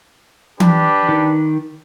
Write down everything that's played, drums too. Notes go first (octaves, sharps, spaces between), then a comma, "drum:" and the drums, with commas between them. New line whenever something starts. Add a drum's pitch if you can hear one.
D4 G4 B4, drum: tom E3
D#3